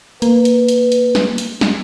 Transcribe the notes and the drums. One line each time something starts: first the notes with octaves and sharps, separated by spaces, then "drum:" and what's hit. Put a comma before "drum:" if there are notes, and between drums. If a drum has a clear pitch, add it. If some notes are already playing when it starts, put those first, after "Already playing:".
A#3 B4, drum: hi-hat
drum: hi-hat
drum: hi-hat
drum: hi-hat
drum: snare
drum: hi-hat
drum: snare